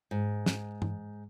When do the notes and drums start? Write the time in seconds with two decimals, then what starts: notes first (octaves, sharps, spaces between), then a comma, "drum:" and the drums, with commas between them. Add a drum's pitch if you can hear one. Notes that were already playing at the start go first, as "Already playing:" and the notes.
0.11 G#2
0.46 drum: snare
0.82 drum: tom G2